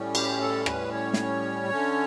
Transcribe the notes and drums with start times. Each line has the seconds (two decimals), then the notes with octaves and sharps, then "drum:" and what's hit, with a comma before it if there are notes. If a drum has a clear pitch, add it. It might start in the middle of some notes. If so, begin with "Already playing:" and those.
Already playing: A2 G3 C#4
0.15 G4, drum: cymbal
0.41 A4
0.66 B4, drum: rim click
0.92 C#5
1.13 drum: snare
1.70 D3 A3 C#4